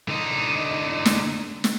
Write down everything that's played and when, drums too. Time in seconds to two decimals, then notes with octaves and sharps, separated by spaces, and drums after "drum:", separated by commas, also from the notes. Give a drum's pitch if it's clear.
0.08 D3 D#4
1.05 drum: snare
1.64 drum: snare